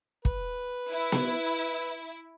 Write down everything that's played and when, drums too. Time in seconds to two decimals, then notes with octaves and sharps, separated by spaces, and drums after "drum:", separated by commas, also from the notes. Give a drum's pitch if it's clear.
0.25 B4, drum: kick
0.91 E4
1.12 drum: snare B3